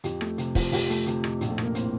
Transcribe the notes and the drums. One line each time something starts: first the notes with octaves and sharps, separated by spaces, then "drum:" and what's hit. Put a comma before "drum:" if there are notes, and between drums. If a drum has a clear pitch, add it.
F2 G4, drum: hi-hat
A3, drum: rim click
C3, drum: hi-hat
F3, drum: kick, open hi-hat
F2 G4, drum: open hi-hat
A3, drum: hi-hat
C3, drum: hi-hat
F2, drum: rim click
A#1, drum: hi-hat
A3
A#1 A#3, drum: rim click
A2 C4, drum: hi-hat